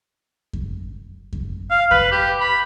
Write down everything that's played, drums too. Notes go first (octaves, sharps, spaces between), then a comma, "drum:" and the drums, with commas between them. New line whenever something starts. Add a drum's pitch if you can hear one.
drum: kick F2
drum: kick F2
F5
B4, drum: kick F2
G4
B5